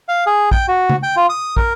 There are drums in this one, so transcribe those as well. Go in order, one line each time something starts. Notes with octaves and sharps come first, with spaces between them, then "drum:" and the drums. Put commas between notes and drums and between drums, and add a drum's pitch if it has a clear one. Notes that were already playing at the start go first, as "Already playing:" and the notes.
F5
G#4
G5, drum: kick
F#4
drum: tom C#3
G5
F4
D#6
A#4, drum: kick